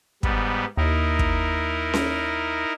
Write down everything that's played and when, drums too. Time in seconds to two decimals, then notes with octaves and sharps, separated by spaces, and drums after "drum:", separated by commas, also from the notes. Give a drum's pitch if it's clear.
0.23 G#2 G3 B3, drum: kick
0.77 D#2 D#4 E4 A#4
1.19 drum: kick
1.94 drum: snare C#4